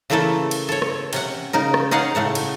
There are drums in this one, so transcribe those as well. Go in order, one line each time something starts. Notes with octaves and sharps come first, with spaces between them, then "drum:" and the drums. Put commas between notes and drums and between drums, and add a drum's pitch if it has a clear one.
C#3 E3 A3 A#3 E4 A4
drum: cymbal
A4 C#5
drum: rim click
C3 C#4 F#5, drum: cymbal
C#3 D#4 A#4
drum: rim click
C#4 D#4 G#4 F5 F#5
A2 C#3 A3 F#5
drum: cymbal